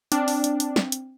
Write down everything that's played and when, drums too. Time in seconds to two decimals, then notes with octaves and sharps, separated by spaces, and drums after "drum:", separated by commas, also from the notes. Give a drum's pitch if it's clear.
0.12 C4 D4, drum: hi-hat
0.28 drum: open hi-hat
0.44 drum: hi-hat
0.60 drum: hi-hat
0.76 drum: snare
0.92 drum: hi-hat